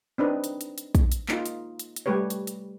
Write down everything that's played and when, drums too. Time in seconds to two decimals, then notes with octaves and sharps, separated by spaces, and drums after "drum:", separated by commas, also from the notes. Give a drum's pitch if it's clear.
0.18 C4 D4 D#4 B4
0.44 drum: hi-hat
0.61 drum: hi-hat
0.78 drum: hi-hat
0.95 drum: kick, hi-hat
1.12 drum: hi-hat
1.29 A#3 D#4 F4, drum: clap
1.46 drum: hi-hat
1.79 drum: hi-hat
1.96 drum: hi-hat
2.06 G3 A3 G4 B4 C#5
2.30 drum: hi-hat
2.47 drum: hi-hat